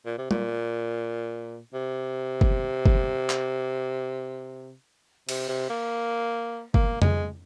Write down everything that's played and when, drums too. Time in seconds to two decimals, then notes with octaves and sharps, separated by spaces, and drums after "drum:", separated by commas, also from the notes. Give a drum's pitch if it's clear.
0.06 A#2
0.18 C3
0.31 A#2, drum: tom G3
1.74 C3
2.41 drum: kick
2.86 drum: kick
3.30 drum: clap
5.29 C3, drum: cymbal
5.49 C3
5.70 A#3
6.74 A#3, drum: kick
7.02 G#3, drum: tom F2